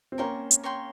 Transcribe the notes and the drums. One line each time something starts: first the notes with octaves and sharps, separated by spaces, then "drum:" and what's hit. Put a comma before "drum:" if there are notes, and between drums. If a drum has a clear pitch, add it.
C4
A#3 C#4 A#4 C#5 G5 C6
drum: hi-hat
A#4 C#5 G5 C6